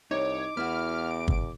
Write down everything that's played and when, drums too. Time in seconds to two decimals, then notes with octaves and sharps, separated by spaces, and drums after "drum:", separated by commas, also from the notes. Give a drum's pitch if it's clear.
0.11 C2 D#4 C#5 D6
0.57 E2 B3 E4 F#4 F6
1.11 D7
1.28 drum: kick G1